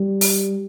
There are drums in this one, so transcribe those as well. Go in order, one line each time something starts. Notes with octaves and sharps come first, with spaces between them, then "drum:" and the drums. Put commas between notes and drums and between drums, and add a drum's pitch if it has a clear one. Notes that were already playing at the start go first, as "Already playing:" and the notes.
Already playing: G3
drum: open hi-hat